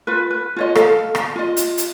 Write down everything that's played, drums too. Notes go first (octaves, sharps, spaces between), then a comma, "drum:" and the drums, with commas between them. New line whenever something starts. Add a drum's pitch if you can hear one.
F4 B4
B4
F4 C#5 D#5
A4 F5, drum: rim click
drum: rim click
F4 D#5
drum: hi-hat
drum: hi-hat